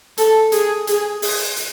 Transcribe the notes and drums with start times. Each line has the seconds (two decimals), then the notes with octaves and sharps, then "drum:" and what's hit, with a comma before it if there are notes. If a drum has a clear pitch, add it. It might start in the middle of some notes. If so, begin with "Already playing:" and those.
0.17 A4, drum: hi-hat
0.52 G#4, drum: hi-hat
0.87 G#4, drum: hi-hat
1.22 G#4, drum: open hi-hat
1.56 drum: hi-hat